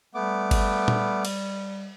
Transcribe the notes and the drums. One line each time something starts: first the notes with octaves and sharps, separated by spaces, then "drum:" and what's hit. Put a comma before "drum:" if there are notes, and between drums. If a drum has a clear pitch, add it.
G3 A3 B3 D6
drum: kick G1, cymbal
drum: tom A#2
drum: cymbal